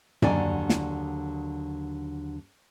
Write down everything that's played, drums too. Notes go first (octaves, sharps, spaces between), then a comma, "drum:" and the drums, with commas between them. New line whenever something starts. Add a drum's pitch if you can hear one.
D#2 D3 F#3 D5 G#5, drum: tom F#2
drum: snare